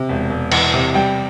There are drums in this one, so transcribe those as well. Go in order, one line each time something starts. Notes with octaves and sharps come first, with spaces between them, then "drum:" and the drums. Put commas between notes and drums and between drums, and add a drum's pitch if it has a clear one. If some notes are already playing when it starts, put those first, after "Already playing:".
Already playing: C3
E1
E1
E2, drum: cymbal
C3
G3 G5